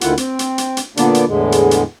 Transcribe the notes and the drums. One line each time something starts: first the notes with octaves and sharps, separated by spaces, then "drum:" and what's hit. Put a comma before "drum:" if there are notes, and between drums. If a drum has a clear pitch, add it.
D2 D3 D#3 E4 F4 F#5, drum: hi-hat
C4, drum: hi-hat
drum: hi-hat
drum: hi-hat
drum: hi-hat
A#2 D3 A#3 B3 D4 D5, drum: hi-hat
drum: hi-hat
E2 A2 D3 G#3
drum: hi-hat
drum: hi-hat